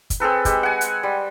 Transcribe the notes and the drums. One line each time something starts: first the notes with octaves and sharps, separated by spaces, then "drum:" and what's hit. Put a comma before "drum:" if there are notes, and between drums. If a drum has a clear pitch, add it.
drum: kick, hi-hat
C4 G#4 A4 B4
G#3 G4, drum: kick, hi-hat
F#5 G#5
drum: hi-hat
G3